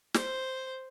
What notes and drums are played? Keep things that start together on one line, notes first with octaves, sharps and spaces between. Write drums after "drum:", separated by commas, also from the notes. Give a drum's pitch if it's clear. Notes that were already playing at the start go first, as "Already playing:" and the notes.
C5, drum: snare